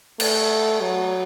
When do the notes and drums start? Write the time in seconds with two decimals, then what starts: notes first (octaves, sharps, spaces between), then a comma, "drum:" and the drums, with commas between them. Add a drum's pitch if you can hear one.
0.20 A3, drum: cymbal
0.81 F#3